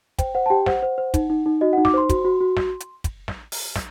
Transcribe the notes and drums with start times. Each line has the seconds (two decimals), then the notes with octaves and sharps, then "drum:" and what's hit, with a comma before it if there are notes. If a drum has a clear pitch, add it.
0.18 C5 G5, drum: kick, hi-hat
0.35 C5 F#5
0.46 A5
0.50 G4 G5
0.66 C5 F#5, drum: snare
0.83 C5
0.98 C5
1.14 D#4, drum: kick, hi-hat
1.30 D#4
1.46 D#4
1.61 F#4 D#5
1.73 D#4 F#5
1.85 D6, drum: snare
1.94 C5 C6
2.09 F#4, drum: kick, hi-hat
2.25 F#4
2.41 F#4
2.57 drum: snare
2.80 drum: hi-hat
3.04 drum: kick, hi-hat
3.28 drum: snare
3.52 drum: open hi-hat
3.76 drum: snare